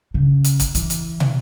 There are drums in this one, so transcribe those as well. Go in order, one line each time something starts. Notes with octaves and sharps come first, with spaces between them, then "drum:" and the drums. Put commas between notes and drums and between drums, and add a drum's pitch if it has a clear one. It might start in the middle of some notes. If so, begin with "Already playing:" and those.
C#3
drum: hi-hat
drum: kick, hi-hat
E3, drum: hi-hat
drum: hi-hat
drum: tom